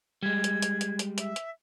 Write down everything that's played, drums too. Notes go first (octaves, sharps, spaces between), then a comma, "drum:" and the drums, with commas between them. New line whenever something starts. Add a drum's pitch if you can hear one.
G3 G#3 G#6
drum: hi-hat
drum: hi-hat
drum: hi-hat
drum: hi-hat
E5, drum: hi-hat
drum: hi-hat